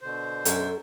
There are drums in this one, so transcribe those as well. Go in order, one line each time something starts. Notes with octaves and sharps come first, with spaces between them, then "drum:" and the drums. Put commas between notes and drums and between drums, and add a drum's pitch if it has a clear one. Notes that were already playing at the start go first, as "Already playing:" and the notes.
B2 D3 C5
F#2 A4, drum: hi-hat